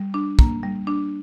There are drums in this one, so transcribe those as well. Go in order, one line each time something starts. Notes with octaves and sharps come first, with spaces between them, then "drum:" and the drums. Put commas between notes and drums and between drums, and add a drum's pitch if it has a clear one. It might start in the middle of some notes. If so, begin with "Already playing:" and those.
Already playing: G3
D4
A#3, drum: kick
G3
D4